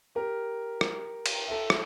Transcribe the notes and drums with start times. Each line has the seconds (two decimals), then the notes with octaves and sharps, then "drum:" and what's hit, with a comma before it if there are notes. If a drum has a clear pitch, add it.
0.15 G4 A#4
0.81 drum: rim click
1.26 drum: cymbal
1.48 A4 E5
1.70 drum: rim click